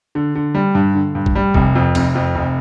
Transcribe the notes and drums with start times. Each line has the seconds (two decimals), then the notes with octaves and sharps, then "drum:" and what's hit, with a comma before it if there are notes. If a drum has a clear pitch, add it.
0.15 D3
0.35 D3
0.55 G3
0.75 G2
0.95 D3
1.15 G2
1.26 drum: kick A#1
1.35 G3
1.54 F1, drum: kick A#1
1.75 F2
1.95 F1, drum: cymbal
2.15 F2
2.35 F1